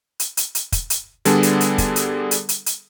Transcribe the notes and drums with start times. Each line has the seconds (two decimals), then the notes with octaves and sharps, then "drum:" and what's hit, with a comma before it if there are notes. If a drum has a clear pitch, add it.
0.20 drum: hi-hat
0.37 drum: hi-hat
0.55 drum: hi-hat
0.72 drum: kick, hi-hat
0.90 drum: hi-hat
1.25 D3 G3 B3 D4 G#4 A4, drum: hi-hat
1.43 drum: hi-hat
1.61 drum: hi-hat
1.78 drum: kick, hi-hat
1.96 drum: hi-hat
2.31 drum: hi-hat
2.49 drum: hi-hat
2.66 drum: hi-hat